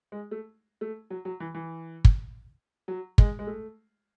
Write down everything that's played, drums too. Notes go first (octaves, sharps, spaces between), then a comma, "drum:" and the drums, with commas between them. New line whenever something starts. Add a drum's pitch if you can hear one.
G#3
A3
A3
F#3
F#3
E3
E3
drum: kick
F#3
G#3, drum: kick
G#3
A3